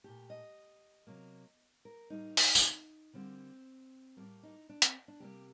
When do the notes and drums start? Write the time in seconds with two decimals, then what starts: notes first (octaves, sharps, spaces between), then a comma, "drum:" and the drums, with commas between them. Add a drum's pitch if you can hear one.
0.04 A#2 A3 G4
0.30 D#5
1.07 C3 F#3 A#3
1.85 A#4
2.10 A2 G3 A#3 D#4
2.37 drum: open hi-hat
2.55 drum: tambourine
3.13 D3 G3 A#3 C4
4.17 A2 G3 A#3
4.43 D#4
4.69 D4
4.82 C4, drum: hi-hat
5.08 D4
5.20 C3 G3 A#3 G4